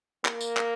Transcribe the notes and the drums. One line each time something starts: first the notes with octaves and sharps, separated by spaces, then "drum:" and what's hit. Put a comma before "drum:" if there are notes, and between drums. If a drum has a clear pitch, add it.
A#3, drum: clap
drum: tambourine
drum: clap